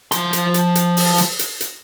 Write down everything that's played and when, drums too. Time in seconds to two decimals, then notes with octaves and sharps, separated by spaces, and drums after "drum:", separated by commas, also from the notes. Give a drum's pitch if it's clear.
0.12 F3 C6, drum: hi-hat
0.33 drum: hi-hat
0.54 drum: hi-hat
0.75 drum: hi-hat
0.97 drum: open hi-hat
1.18 drum: hi-hat
1.39 drum: hi-hat
1.61 drum: hi-hat